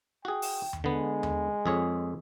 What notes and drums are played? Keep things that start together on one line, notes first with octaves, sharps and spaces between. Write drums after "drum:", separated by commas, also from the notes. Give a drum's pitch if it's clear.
F#4 G#4 G5
drum: open hi-hat
drum: tom D#2
D3 G#3 B3
drum: tom D#2
F2 G#4 C#5